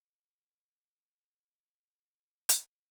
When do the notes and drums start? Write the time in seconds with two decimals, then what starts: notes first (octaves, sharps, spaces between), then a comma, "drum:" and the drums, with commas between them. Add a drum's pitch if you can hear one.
0.42 C#3 D4 G4 C#5 G5 G#5 C6
2.49 drum: hi-hat